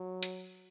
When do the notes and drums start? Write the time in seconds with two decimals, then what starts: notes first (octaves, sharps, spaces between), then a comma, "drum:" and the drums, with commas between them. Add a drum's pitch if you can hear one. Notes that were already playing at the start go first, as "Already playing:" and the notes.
Already playing: F#3
0.23 drum: hi-hat